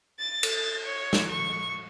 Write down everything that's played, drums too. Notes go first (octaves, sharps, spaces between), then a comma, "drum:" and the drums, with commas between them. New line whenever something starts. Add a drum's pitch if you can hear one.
A6
drum: cymbal
C#5
drum: snare
C#6